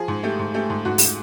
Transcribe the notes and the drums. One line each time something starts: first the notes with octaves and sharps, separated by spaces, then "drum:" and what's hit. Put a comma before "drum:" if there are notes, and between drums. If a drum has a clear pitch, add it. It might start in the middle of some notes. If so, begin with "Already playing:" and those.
Already playing: F3 G#4
G#2
A3 G4
G#2
A3 G4
G#2
G#2 F#4
drum: open hi-hat